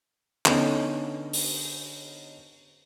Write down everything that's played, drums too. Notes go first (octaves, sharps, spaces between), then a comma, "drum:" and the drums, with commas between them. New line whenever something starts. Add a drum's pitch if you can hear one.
D3 B3 C#4 D#4, drum: clap
drum: open hi-hat